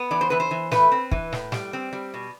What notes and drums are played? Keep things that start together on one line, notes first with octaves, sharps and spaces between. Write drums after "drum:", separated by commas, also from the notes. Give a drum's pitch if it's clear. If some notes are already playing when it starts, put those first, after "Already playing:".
Already playing: B3
E3 D5
C5
E3 B4
C5
E3
A3 B4, drum: snare
C4
E3, drum: kick
A2, drum: snare
G3, drum: snare
C4
G3
B2